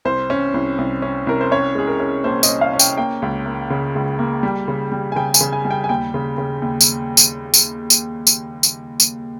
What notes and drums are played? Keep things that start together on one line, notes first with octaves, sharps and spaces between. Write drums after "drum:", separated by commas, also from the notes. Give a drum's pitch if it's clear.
C2 C5
C#4
C2
C2
C#4
C2 A#4
C5
C#4 C#5
G#3 G#4
A#4
C#4
A#1 C5
D#5, drum: tambourine
C#4
F5
C#4
G5, drum: tambourine
A#3 G5
C#2
A#3
C#3
C#2
A#3
G3
C#3
G3
G#5
C#3 G5
G#5, drum: tambourine
C#3
G#5
G3 G#5
G5
G#5
D#2 G5
C#3
C#3
D#2
drum: tambourine
drum: tambourine
drum: tambourine
drum: tambourine
drum: tambourine
drum: tambourine
drum: tambourine